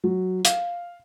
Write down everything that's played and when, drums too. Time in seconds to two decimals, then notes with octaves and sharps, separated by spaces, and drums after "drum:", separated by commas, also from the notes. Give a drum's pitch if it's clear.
0.04 F#3
0.45 F5, drum: hi-hat